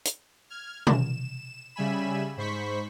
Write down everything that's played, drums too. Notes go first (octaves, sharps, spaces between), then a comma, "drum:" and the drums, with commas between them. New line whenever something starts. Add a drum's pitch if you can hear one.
drum: hi-hat
F6 G#6
E7, drum: tom B2
C#3 G3 E5 G#5 B5 E7
G#2 C5 B5 C#6 B6